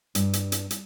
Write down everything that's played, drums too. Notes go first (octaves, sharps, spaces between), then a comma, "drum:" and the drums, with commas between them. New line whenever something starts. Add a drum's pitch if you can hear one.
G2, drum: hi-hat
drum: hi-hat
drum: hi-hat
drum: hi-hat